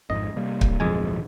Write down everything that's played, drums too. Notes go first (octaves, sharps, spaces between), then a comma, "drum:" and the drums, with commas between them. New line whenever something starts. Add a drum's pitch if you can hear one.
G#1 F2 G#2 D#5
C3 G3 A#3
drum: kick
D1 B1 F2 G#3 G#5